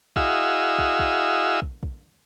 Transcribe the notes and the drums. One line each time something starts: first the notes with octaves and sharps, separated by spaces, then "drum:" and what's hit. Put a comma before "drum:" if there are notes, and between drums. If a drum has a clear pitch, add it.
E4 F#4 G#4 D#5 F5 E6, drum: kick
drum: kick
drum: kick
drum: kick
drum: kick